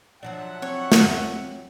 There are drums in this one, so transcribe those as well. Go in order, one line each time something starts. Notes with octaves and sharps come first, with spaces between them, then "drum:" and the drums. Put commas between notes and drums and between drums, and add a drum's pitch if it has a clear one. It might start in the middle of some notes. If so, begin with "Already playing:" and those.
F3 F#3 D4 E5 F#5
C4 C#5
drum: snare